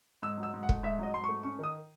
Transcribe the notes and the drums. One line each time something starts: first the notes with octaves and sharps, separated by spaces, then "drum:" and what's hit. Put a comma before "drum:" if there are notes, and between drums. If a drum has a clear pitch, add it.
G#2 E6
F#3
E6
G#2
F#5
A3, drum: kick
G#2 E5
F#3 D#5
G#2 C6
C#6
A3
C#4 C#6
D#3 D#6